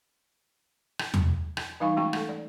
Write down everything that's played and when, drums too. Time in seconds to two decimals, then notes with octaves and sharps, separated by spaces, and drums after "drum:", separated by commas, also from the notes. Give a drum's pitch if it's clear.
0.99 drum: rim click
1.14 drum: tom E2
1.57 drum: rim click
1.80 E3 G3 D#4 F5 G#5 C#6
1.97 G#3 A3 C#4 F#4 G5 C#6
2.13 A4 F#5, drum: rim click
2.29 D5